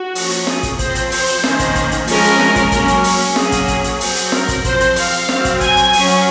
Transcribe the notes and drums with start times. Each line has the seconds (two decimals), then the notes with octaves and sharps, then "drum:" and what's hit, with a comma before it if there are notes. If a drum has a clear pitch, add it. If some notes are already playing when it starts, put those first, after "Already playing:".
Already playing: F#4
0.15 F3 A#3 C#4, drum: open hi-hat
0.31 drum: hi-hat
0.47 G#4, drum: snare
0.63 drum: kick, hi-hat
0.79 F3 C4 C5, drum: kick, hi-hat
0.95 drum: hi-hat
1.12 C5, drum: open hi-hat
1.27 drum: hi-hat
1.44 D#3 A#3 C#4, drum: snare
1.59 drum: kick, hi-hat
1.75 drum: kick, hi-hat
1.91 drum: hi-hat
2.07 F3 G#3 C#4 A#4, drum: open hi-hat
2.24 drum: hi-hat
2.40 drum: snare
2.56 drum: kick, hi-hat
2.72 F#3 A#3 C#4, drum: kick, hi-hat
2.88 drum: hi-hat
3.04 drum: open hi-hat
3.36 F#3 A#3 C#4 G#4, drum: snare
3.52 drum: kick, hi-hat
3.68 drum: kick, hi-hat
3.84 drum: hi-hat
4.01 F#3 C4, drum: open hi-hat
4.16 drum: hi-hat
4.32 A#4, drum: snare
4.48 drum: kick, hi-hat
4.65 F3 C4 C5, drum: kick, hi-hat
4.80 drum: hi-hat
4.96 F5, drum: open hi-hat
5.29 F#3 C4, drum: snare
5.45 drum: kick, hi-hat
5.61 G#5, drum: kick, hi-hat
5.77 drum: hi-hat
5.93 F#3 C#4, drum: open hi-hat
6.09 drum: hi-hat